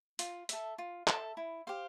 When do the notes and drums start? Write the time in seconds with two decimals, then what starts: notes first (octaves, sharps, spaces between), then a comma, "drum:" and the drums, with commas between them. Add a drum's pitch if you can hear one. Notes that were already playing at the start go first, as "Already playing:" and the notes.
0.19 F4, drum: hi-hat
0.49 A4 E5, drum: hi-hat
0.78 F4
1.07 A4 E5, drum: clap
1.37 E4
1.67 G4 C5 F5